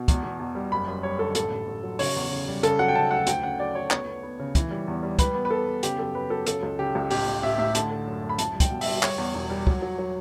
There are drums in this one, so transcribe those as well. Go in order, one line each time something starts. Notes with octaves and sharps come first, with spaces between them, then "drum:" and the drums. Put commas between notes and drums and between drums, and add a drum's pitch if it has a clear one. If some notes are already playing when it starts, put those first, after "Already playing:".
Already playing: B2
E2, drum: kick, hi-hat
E2
E2
G3
F#1 B5
F#2
G3 C#5
D3 A4
A1 A4, drum: hi-hat
A1
A1
F#3
C#3 C#5, drum: open hi-hat
E2
C#3
G3
C#3 A4, drum: hi-hat
F#3 F#5
G5
C#3 A5
D2 F#5
D2 G5, drum: hi-hat
C#3 F#5
F#3 D5
D2 C#5
B3 C#5, drum: clap
B3
B3
C#3
E3, drum: kick, hi-hat
G3
E2
G3
G3 B4, drum: kick, hi-hat
B3
B4
B3 A4
B3
C#3 G4, drum: hi-hat
F#2 A4
F#2 B4
F#3 A4
C#3 A4, drum: hi-hat
C#2
C#3 G4
C#2
A1 G4, drum: open hi-hat
A1
A1 E5
A2 E5
D3 A5, drum: hi-hat
D3
F#2
F#2
B5
C#2 A5, drum: hi-hat
G3
G5, drum: kick, hi-hat
B2
E5, drum: open hi-hat
G3
G3 C#5, drum: clap
E2
E1
G3
F#3, drum: kick
F#3
F#3